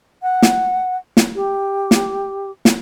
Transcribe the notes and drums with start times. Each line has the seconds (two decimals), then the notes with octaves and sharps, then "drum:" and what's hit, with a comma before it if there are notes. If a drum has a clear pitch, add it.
0.22 F#5
0.42 drum: snare
1.17 drum: snare
1.35 G4
1.91 drum: snare
2.65 drum: snare